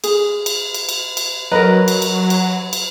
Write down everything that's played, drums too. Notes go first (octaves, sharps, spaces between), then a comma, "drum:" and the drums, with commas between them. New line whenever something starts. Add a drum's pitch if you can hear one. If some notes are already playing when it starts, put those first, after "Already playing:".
G#4, drum: cymbal
drum: cymbal
drum: cymbal
drum: cymbal
drum: cymbal
F#3 A#4 B4 D#5 A#5
drum: cymbal
drum: cymbal
drum: cymbal
drum: cymbal